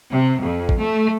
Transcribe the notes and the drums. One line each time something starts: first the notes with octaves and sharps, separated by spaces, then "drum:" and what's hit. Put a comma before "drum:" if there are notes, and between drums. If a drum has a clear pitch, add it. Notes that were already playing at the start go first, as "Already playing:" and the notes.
C3
F2
drum: kick
A3